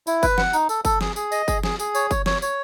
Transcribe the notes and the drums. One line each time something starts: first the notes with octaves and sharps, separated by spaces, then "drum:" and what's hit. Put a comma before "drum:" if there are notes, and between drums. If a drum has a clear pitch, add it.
E4, drum: tambourine
B4, drum: kick F#1, tambourine
F#5, drum: snare
D#4, drum: tambourine
A4, drum: tambourine
A4, drum: kick F#1, tambourine
G#4, drum: snare
G#4, drum: tambourine
D#5, drum: tambourine
G#4, drum: kick F#1, tambourine
G#4, drum: snare
G#4, drum: tambourine
C#5, drum: tambourine
C#5, drum: kick F#1, tambourine
C#5, drum: snare
C#5, drum: tambourine